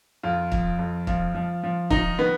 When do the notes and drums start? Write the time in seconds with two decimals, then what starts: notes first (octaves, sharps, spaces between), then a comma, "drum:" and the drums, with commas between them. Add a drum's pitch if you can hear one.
0.23 F2 F4
0.52 F3, drum: kick
0.79 F2
1.07 F3, drum: kick
1.34 F3
1.63 F3
1.90 D#3 D#4, drum: kick
2.19 D#3 B3